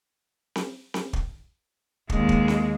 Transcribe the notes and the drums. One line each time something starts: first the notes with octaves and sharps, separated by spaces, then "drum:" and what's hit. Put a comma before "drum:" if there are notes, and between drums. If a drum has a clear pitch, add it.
drum: snare C4
drum: snare C4
drum: kick
D#2 G#3, drum: kick
drum: kick
drum: snare C4